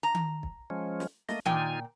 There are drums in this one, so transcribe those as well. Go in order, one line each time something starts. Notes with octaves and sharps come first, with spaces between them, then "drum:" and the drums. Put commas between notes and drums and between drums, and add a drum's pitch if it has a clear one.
A#5
drum: tom D#3
drum: kick
F3 G#3 C#4
drum: snare
A3 A#3 D#5, drum: snare
A#2 D#4 F4 G5 G#5, drum: tom D#3